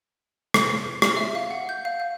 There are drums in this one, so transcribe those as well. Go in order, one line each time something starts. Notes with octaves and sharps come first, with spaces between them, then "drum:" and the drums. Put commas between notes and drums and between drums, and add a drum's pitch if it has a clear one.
drum: rim click
C7, drum: rim click
E5
F5
F#5
G6
F5
F5